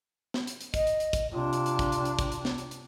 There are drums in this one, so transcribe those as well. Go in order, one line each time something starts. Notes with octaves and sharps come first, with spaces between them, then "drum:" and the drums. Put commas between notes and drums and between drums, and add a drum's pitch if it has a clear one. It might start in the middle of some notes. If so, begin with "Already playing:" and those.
drum: snare
drum: hi-hat
drum: hi-hat
D#5, drum: kick, hi-hat
drum: hi-hat
drum: hi-hat
drum: kick, hi-hat
C3 D4 F4
drum: hi-hat
drum: hi-hat
drum: kick, hi-hat
drum: hi-hat
drum: hi-hat
drum: kick, hi-hat
drum: hi-hat
drum: snare
drum: hi-hat
drum: hi-hat